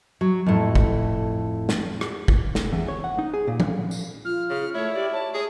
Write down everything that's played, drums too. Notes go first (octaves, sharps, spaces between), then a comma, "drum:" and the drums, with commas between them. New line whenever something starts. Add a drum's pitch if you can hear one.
F#3
F2 A2
drum: kick
drum: snare
drum: rim click
drum: kick
drum: snare
E2
C#5
F#5
D#4
G#4
A#2
drum: tom F3
drum: tambourine
F4 F6
C#3 F6
A3 E4 C#5
G4 D5
C#5 A5
G#4 D#6